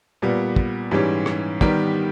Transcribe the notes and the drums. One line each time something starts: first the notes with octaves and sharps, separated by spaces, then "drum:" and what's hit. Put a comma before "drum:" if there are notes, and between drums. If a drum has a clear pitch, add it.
A#2 G3 B3
drum: kick
G#2 E3 G3 C#4 G4
drum: rim click
D#3 G3 B3 G4 A#4, drum: kick